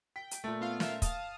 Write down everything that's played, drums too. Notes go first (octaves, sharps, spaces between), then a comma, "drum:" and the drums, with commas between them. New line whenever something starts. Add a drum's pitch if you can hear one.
G5 B6
drum: hi-hat
A#2 A3
B3 F4 F5
F4 A#4 E5, drum: snare
F5 A5 D#6, drum: kick, hi-hat